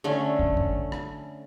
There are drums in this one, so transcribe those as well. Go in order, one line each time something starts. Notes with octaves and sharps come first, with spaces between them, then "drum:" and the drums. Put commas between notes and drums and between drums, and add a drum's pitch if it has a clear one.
D3 A3 C#4
drum: kick
drum: kick
drum: rim click